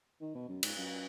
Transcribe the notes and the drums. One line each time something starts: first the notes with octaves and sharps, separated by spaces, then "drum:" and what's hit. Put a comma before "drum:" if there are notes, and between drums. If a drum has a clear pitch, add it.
D#3
B2
F#2
G#2, drum: cymbal
F#2